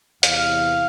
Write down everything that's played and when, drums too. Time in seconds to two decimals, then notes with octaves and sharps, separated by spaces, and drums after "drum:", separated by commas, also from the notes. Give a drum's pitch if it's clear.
0.23 E2 C3 E3 F5, drum: hi-hat